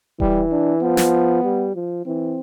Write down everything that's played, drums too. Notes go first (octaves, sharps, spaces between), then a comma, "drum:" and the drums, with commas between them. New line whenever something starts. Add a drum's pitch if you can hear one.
E3 G3, drum: kick D#1
D4
F3 B3
drum: snare
G3
F3
E3 C4